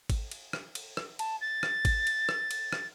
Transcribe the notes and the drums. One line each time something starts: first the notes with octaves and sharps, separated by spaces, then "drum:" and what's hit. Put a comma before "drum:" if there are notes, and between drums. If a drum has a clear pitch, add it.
drum: kick G#1, cymbal
drum: cymbal
drum: rim click
drum: cymbal
drum: rim click
A5, drum: cymbal
A6
drum: rim click
drum: kick G#1, cymbal
drum: cymbal
drum: rim click
drum: cymbal
drum: rim click